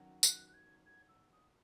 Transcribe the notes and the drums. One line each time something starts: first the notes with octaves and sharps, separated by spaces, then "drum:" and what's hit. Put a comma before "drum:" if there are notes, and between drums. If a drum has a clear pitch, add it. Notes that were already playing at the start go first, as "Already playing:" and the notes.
Already playing: D#3 F#3 C#4 F#4
F#6, drum: tambourine
F#6
G#6
G#6
E6
D#6